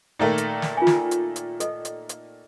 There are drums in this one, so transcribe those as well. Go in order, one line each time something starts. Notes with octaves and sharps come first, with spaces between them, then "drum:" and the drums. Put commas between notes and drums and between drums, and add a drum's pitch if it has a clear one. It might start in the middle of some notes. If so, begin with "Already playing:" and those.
A#2 D#3 A3
drum: hi-hat
drum: snare
F4 G#5
drum: snare
drum: hi-hat
drum: hi-hat
A4 D#5, drum: hi-hat
drum: hi-hat
drum: hi-hat